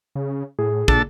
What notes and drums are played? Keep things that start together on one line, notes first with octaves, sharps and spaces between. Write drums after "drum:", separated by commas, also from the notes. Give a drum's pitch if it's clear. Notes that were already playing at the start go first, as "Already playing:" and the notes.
C#3
A2 G#4
A#2 D4 A4 A5, drum: kick